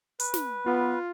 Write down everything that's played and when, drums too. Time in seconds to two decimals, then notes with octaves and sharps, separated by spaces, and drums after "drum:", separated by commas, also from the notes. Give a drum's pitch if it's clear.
0.20 B4, drum: hi-hat
0.34 drum: snare
0.66 B3 F4